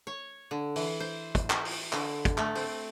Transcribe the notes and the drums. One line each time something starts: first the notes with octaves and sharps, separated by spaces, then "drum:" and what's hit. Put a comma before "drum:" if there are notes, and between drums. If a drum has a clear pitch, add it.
C#5
D3
E3, drum: open hi-hat
C5
drum: kick, hi-hat
drum: clap
drum: open hi-hat
D3, drum: clap
drum: kick, hi-hat
A3, drum: clap
C4, drum: open hi-hat